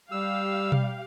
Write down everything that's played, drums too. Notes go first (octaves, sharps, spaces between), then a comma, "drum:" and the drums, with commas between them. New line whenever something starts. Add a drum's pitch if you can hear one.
G3 G4 F5 E6
drum: tom B2